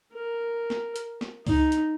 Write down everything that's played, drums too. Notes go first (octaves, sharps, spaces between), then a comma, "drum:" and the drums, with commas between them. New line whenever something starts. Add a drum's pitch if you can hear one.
A#4
drum: snare
drum: hi-hat
drum: snare
D#4, drum: kick C#2, open hi-hat
drum: hi-hat